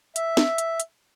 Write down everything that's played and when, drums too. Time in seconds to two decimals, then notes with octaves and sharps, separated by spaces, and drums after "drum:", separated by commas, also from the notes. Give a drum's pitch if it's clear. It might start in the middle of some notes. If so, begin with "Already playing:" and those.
0.16 E5, drum: hi-hat
0.37 drum: snare
0.58 drum: hi-hat
0.80 drum: hi-hat